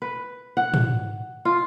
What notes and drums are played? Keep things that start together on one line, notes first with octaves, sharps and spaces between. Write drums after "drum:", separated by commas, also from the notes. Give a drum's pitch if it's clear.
B4
F#5
drum: tom
F4